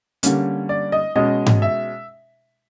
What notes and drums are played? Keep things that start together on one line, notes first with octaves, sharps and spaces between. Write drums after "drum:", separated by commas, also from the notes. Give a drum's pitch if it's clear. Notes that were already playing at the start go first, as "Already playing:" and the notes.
D3 G3 A#3 C#4, drum: hi-hat
D5
D#5
B2 G#3 C#4 D#5
drum: tom G#2
E5